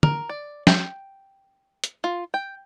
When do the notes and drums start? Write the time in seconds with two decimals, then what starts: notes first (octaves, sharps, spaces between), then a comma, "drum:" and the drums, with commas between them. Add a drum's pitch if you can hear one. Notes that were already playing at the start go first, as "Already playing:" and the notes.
0.03 A#4, drum: tom
0.29 D5
0.67 G5, drum: snare
1.84 drum: hi-hat
2.04 F4
2.34 G5